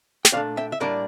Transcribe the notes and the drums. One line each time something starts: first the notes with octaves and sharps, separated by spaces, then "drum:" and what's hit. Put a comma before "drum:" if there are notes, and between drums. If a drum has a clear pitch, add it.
G5, drum: snare
A#2 A3 D4 D5 F5
E5 G5
E5
A2 G3 A#3 D4 A#4 D5